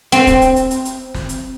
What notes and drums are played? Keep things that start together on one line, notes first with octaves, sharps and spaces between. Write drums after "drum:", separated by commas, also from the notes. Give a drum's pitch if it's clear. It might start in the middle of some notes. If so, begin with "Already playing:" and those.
C4, drum: hi-hat
drum: kick, hi-hat
drum: hi-hat
drum: hi-hat
drum: hi-hat
drum: hi-hat
drum: snare
drum: hi-hat